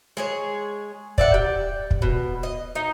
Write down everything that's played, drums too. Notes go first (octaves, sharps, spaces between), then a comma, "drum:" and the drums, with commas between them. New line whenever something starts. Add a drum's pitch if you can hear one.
G#3 G#4 C#5
D5 E5 F#5, drum: kick
G4
drum: kick
B2
D#5
D#4